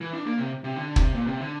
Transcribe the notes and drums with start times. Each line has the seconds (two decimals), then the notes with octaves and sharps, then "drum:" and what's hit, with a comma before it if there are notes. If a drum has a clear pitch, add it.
0.01 E3
0.13 D4
0.26 A#3
0.38 C3
0.64 C3
0.77 D3
0.96 C3, drum: kick
1.14 A#2
1.27 C3
1.40 D3